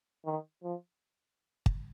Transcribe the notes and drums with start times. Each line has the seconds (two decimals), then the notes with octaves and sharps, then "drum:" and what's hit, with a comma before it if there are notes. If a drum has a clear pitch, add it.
0.26 D#3
0.63 F3
1.66 drum: kick